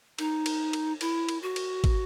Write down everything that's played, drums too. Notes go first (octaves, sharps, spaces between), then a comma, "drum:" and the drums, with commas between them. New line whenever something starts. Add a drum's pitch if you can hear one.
D#4, drum: cymbal
drum: cymbal
drum: cymbal
E4, drum: cymbal
drum: cymbal
F#4
drum: cymbal
drum: kick, cymbal